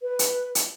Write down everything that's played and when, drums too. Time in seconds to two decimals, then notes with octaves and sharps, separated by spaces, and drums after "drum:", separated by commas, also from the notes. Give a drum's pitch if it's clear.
0.01 B4
0.19 drum: hi-hat
0.55 drum: hi-hat